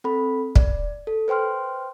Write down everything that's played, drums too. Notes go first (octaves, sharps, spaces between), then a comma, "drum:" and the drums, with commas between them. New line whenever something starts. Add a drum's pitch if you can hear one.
C4 A4 B5
D5, drum: kick
A4
B4 C5 G5 C6 F6